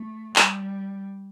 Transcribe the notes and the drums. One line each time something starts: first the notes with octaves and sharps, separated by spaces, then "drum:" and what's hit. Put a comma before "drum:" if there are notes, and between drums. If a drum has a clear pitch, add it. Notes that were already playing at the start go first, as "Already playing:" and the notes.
Already playing: A3
G3, drum: clap